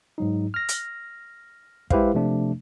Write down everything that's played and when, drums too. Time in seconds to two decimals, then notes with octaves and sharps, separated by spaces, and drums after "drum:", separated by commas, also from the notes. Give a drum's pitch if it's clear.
0.18 G#2 F#3 D#4
0.54 F6 A#6
0.69 drum: hi-hat
1.90 G#3 E4 G4 B4 C5 F5, drum: kick
2.14 C3 F3 A3 D4